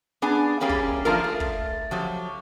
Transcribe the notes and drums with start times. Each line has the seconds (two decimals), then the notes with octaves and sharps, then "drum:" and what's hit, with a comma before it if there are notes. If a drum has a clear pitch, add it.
0.22 B3 D4 G#4 G#5
0.60 E3 G3 A#3 C#4 G4 G#4
0.69 drum: kick
1.05 F3 A3 A#3 D4 F4 A#4
1.24 A3
1.40 drum: kick
1.91 F3 F#3 G4